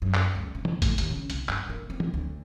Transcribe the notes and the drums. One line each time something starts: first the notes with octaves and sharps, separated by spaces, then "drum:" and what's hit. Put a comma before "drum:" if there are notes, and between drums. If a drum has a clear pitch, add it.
F#2
drum: clap
C#2
C3
drum: tom
A2, drum: kick G1, hi-hat
D#2, drum: hi-hat
C#3
C2, drum: hi-hat
G2, drum: clap
A#3
C4
drum: tom
D2